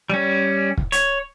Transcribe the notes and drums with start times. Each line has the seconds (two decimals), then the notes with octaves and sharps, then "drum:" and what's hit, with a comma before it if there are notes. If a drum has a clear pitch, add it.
0.10 G3 C#4
0.77 drum: kick
0.92 C#5, drum: hi-hat